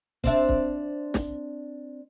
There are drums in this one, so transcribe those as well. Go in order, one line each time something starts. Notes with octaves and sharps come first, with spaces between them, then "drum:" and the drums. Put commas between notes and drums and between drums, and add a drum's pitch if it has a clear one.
C4 D4 E5, drum: kick
drum: kick
drum: snare